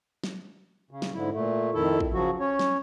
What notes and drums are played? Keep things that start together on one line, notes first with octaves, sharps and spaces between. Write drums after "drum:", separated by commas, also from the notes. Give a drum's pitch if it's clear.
drum: snare
C#3
drum: snare
G#2 D3 E4
A#2 A3
F2 D#3 E4 A4
drum: kick
C#3 F3 F#3 F#4
C#4 C#5
drum: snare